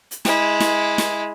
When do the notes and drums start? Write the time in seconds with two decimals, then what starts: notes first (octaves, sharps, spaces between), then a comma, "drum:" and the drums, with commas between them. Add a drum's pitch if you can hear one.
0.11 drum: hi-hat
0.25 G#3 E4, drum: snare
0.60 drum: snare
0.98 drum: snare